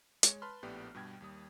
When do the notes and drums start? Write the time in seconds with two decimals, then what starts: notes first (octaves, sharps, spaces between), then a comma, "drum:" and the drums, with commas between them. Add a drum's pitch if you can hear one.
0.23 G#3 C#5, drum: hi-hat
0.42 B4 A5 B5 C6 F6
0.63 A#1 A2 B3 G4 D5
0.95 G2 B2 G3 G5 G#6
1.21 D#2 G3 D#6